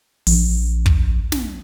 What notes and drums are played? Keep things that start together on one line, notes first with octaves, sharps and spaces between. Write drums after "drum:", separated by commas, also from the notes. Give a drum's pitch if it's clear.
A#1, drum: open hi-hat
drum: kick
drum: snare